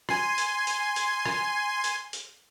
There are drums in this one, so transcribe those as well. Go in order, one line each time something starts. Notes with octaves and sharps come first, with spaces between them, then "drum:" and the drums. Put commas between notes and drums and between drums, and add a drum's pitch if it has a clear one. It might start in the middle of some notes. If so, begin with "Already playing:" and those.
G#5 C6, drum: rim click
drum: hi-hat
drum: hi-hat
drum: hi-hat
drum: rim click
drum: hi-hat
drum: hi-hat